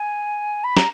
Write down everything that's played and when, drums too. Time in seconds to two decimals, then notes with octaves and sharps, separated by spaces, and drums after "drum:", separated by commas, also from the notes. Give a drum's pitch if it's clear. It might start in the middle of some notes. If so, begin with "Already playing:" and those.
Already playing: G#5
0.64 B5
0.77 A#5, drum: snare